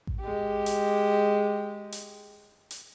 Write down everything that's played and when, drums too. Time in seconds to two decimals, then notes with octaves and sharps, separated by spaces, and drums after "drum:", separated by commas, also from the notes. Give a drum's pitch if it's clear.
0.07 drum: kick A1
0.20 G#3 G4
0.66 drum: hi-hat
1.92 drum: hi-hat
2.71 drum: hi-hat